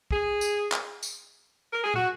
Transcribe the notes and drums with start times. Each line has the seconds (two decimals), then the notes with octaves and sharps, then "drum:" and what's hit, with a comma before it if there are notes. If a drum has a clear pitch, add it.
0.11 G#4, drum: kick
0.41 drum: tambourine
0.72 drum: clap
1.03 drum: tambourine
1.72 A#4
1.84 G#4
1.94 F#4, drum: tom